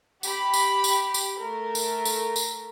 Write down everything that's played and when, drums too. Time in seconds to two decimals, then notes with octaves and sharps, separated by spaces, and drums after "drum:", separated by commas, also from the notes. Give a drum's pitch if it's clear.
0.23 G4 B5, drum: tambourine
0.54 drum: tambourine
0.84 drum: tambourine
1.14 drum: tambourine
1.38 A3 A#4
1.75 drum: tambourine
2.05 drum: tambourine
2.36 drum: tambourine